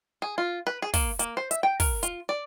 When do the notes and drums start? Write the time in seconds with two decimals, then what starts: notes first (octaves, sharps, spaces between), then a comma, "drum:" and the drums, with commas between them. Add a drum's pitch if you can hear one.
0.22 G#4
0.38 F4
0.67 B4
0.82 G#4
0.94 A#3, drum: kick, open hi-hat
1.19 A#3, drum: hi-hat
1.37 C5
1.51 E5, drum: hi-hat
1.63 G5
1.80 A#4, drum: kick, open hi-hat
2.03 F4, drum: hi-hat
2.29 D5